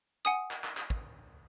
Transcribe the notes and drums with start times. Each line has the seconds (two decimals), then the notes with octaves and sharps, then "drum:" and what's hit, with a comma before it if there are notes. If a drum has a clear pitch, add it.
0.25 F#5 G#5 D#6
0.51 drum: clap
0.64 drum: clap
0.77 drum: clap
0.90 drum: kick